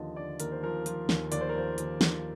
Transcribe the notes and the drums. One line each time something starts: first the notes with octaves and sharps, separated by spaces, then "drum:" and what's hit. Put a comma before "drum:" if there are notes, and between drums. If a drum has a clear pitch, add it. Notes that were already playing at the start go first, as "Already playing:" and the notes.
Already playing: D#2 D3 F3 D#5 A5
D3 D5
D#2 A#4, drum: hi-hat
C5
F3 A#4
F3, drum: hi-hat
D#2, drum: snare
D#2 D5, drum: hi-hat
C5
A#4
F3 C5
D#2, drum: hi-hat
F3, drum: snare